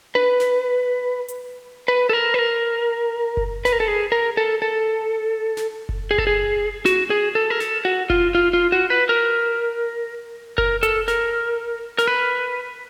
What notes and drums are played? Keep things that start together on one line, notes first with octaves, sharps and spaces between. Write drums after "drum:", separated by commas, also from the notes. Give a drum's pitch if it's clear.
B4, drum: tom D4
drum: snare
drum: hi-hat
B4
A4
A#4
B4
A#4
drum: kick F#1
B4, drum: snare
A#4
A4
G#4
A#4
A4
A4
drum: snare
drum: kick F#1
G#4
A4, drum: kick F#1
G#4
F#4, drum: snare
G#4
A4
A#4
A4, drum: snare
F#4
F4, drum: kick F#1
F4
F4
F#4
B4
A#4
A#4, drum: kick F#1
A4, drum: hi-hat
A#4, drum: snare
A#4, drum: snare
B4